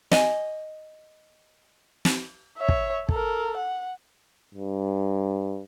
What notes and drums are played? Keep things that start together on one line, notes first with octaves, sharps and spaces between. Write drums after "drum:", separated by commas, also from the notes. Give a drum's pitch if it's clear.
D#5 G#5, drum: snare
drum: snare
C#5 E5
drum: kick
A4 A#4, drum: kick
F#5
G2